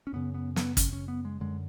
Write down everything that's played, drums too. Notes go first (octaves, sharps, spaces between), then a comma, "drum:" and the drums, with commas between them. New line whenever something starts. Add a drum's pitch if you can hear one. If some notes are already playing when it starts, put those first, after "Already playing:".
C#4
F#2 C#3 B3
B3
B3, drum: snare
C#4, drum: kick, hi-hat
C#4
B3
G#3
F#2 D3 G#3